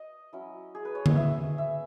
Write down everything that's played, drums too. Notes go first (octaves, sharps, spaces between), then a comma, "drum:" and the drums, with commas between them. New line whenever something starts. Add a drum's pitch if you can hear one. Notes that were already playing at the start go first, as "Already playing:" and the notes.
Already playing: D#5
F#3 C#4 E4
G#4
B4
C#5
D#5, drum: tom D3
E5
E5